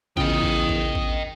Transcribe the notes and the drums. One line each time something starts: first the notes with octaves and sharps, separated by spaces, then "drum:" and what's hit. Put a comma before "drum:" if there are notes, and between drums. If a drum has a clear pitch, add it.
E2 C#3 F4 D#5 G5 D#6, drum: kick A1
drum: kick A1
drum: kick A1
drum: kick A1